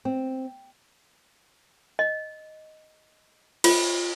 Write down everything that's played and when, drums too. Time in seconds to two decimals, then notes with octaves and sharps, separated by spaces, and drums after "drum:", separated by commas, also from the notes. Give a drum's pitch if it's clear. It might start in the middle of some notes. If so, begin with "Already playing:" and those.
0.05 C4
1.99 D#5
3.64 F4, drum: cymbal